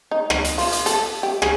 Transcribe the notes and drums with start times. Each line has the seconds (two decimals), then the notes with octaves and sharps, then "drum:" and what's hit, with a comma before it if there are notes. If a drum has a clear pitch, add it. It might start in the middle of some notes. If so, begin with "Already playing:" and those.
0.11 D#4
0.30 D#4, drum: rim click
0.44 drum: hi-hat
0.58 F4, drum: open hi-hat
0.72 drum: hi-hat
0.86 A4, drum: hi-hat
1.23 G4
1.42 G#4, drum: rim click